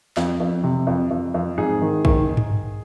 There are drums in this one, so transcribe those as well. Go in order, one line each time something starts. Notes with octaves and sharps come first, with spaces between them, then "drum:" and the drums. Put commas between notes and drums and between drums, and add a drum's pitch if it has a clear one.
F2, drum: snare
F2
C3
F2
F2
F2
G#2 G#4
D#3
D#3, drum: kick
drum: tom G2